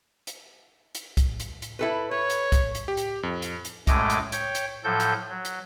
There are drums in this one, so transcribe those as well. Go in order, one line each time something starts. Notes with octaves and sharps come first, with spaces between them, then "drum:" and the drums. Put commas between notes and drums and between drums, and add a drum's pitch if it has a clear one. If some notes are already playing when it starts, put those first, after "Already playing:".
drum: hi-hat
drum: hi-hat
drum: kick, hi-hat
drum: hi-hat
drum: hi-hat
E4 A4 B4
B4 C#5
drum: hi-hat
drum: kick, hi-hat
drum: hi-hat
G4
drum: hi-hat
F2
drum: hi-hat
drum: hi-hat
F#2 A2 G#3 A3 D#5 D6, drum: kick, hi-hat
drum: hi-hat
C#5 G5, drum: hi-hat
drum: hi-hat
A2 F3 F#3 A4 G6
drum: hi-hat
F#3
drum: hi-hat